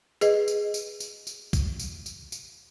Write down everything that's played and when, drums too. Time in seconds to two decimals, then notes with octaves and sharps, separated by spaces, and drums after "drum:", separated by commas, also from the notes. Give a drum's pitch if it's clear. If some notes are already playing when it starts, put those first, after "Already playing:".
0.21 G#4 B4 D#5, drum: tambourine
0.48 drum: tambourine
0.74 drum: tambourine
1.00 drum: tambourine
1.27 drum: tambourine
1.53 drum: kick, tambourine
1.80 drum: tambourine
2.06 drum: tambourine
2.32 drum: tambourine